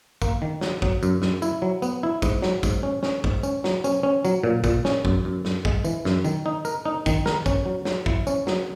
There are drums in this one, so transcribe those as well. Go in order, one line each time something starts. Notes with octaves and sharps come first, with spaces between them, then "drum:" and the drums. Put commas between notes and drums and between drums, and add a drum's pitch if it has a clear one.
A#3, drum: kick, tambourine
D#3
F#3, drum: snare
F#3, drum: kick
F#2, drum: tambourine
F#2, drum: snare
E4, drum: tambourine
F#3
B3, drum: tambourine
E4
G#2, drum: kick, tambourine
F#3, drum: snare
G#2, drum: kick, tambourine
C#4
C#4, drum: snare
G#2, drum: kick
C#4, drum: tambourine
F#3, drum: snare
C#4, drum: tambourine
C#4
F#3, drum: tambourine
A#2
A#2, drum: kick, tambourine
C#4, drum: snare
F#2, drum: kick
F#2
F#2, drum: snare
G#3, drum: kick
E3, drum: tambourine
F#2, drum: snare
D#3, drum: tambourine
D#4
A#4, drum: tambourine
D#4
D#3, drum: kick, tambourine
A#4, drum: snare
C#4, drum: kick, tambourine
F#3
F#3, drum: snare
E4, drum: kick
C#4, drum: tambourine
F#3, drum: snare